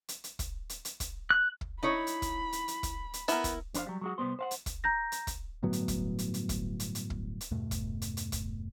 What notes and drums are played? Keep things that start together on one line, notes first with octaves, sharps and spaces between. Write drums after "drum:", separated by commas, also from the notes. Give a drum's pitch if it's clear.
drum: hi-hat
drum: hi-hat
drum: kick, hi-hat
drum: hi-hat
drum: hi-hat
drum: kick, hi-hat
F#6
drum: kick
D#4 E4 C#5 B5
drum: hi-hat
drum: kick, hi-hat
drum: hi-hat
drum: hi-hat
drum: kick, hi-hat
drum: hi-hat
B3 E4 A#4, drum: hi-hat
drum: kick, hi-hat
F2 D4 B4 C5 F5, drum: hi-hat
F#3 G3
F#3 G#3 F#4
C2 F2 G3 B3 C5
C5 F5 F#5
drum: hi-hat
drum: kick, hi-hat
A#5 G6 A#6
drum: hi-hat
drum: kick, hi-hat
G1 A2 F#3 B3
drum: hi-hat
drum: kick, hi-hat
drum: hi-hat
drum: hi-hat
drum: kick, hi-hat
drum: hi-hat
drum: hi-hat
drum: kick
drum: hi-hat
E2 G2 B2 A3
drum: kick, hi-hat
drum: hi-hat
drum: hi-hat
drum: kick, hi-hat